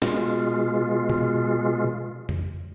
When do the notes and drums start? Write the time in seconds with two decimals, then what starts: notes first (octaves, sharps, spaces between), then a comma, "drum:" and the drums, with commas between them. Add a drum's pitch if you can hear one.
0.02 B2 G#3 F4, drum: snare
1.09 drum: tom B2
2.29 drum: tom F2